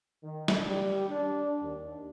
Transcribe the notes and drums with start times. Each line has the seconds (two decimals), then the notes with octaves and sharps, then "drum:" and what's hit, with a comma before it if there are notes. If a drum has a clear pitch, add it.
0.24 D#3
0.48 drum: snare
0.68 G3
1.09 D4
1.63 D#2